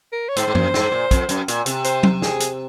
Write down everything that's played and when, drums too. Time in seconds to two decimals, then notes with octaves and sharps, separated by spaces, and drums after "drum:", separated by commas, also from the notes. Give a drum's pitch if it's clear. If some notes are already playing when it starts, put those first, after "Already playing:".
0.12 A#4
0.29 C#5
0.36 G#2 C5, drum: hi-hat
0.48 G#2
0.55 F#2, drum: tom F#2
0.74 G#2, drum: snare
0.92 A#2
1.11 F2, drum: kick, hi-hat
1.29 F#2, drum: hi-hat
1.48 A#2, drum: hi-hat
1.66 C3, drum: hi-hat
1.84 C5, drum: hi-hat
2.03 drum: tom
2.22 G#4, drum: snare
2.40 drum: hi-hat